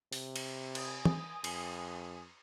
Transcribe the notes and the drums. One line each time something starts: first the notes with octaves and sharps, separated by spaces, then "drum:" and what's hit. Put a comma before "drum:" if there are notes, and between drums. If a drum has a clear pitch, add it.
C3, drum: open hi-hat
drum: cymbal
G#5 D#6, drum: cymbal
drum: tom
F2, drum: cymbal